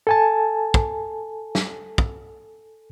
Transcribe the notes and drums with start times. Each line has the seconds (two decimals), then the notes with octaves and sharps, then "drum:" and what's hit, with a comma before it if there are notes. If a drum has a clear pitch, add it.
0.07 A4 G#5 A5
0.74 drum: kick
1.55 drum: snare
1.98 drum: kick